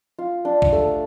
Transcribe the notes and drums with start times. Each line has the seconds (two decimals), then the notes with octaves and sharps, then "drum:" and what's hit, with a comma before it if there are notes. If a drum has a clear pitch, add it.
0.19 F4
0.45 D4
0.62 drum: kick
0.72 A3